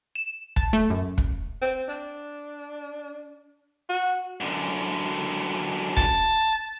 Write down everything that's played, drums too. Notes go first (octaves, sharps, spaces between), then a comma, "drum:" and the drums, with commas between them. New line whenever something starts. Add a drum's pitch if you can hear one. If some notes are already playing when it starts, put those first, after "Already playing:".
E7
A5, drum: kick
A3
F#2
drum: kick
C4
D4
F#4
F#2 D3
A5, drum: kick